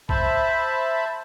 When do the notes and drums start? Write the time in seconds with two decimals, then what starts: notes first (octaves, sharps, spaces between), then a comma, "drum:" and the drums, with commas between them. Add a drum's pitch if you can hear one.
0.09 C5 E5 A5 B5, drum: kick